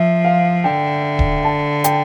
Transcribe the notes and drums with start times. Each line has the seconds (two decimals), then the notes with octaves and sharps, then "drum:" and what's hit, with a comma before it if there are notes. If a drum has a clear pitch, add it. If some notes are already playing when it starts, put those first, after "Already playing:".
Already playing: F3 E5
0.25 F5
0.64 D3 G5
1.19 drum: kick D#1
1.44 A5
1.84 G5, drum: hi-hat